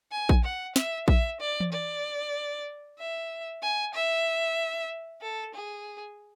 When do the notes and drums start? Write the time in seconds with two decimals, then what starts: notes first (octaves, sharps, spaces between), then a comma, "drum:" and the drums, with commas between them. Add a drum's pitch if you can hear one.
0.12 G#5
0.29 drum: kick A#1
0.44 F#5
0.76 E5, drum: snare
1.08 E5, drum: kick A#1
1.41 D5
1.60 drum: tom E3
1.72 D5
2.99 E5
3.62 G#5
3.94 E5
5.22 A4
5.54 G#4